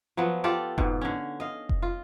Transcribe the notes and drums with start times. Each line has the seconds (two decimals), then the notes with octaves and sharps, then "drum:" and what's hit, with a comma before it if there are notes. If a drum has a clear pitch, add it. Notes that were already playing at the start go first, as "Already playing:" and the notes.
0.17 F3 F#3 B3
0.44 F4 G4 A4 D5
0.78 G#2 B2, drum: kick F1
1.01 D3 C#4
1.40 D#5 F5
1.69 drum: kick F1
1.82 F4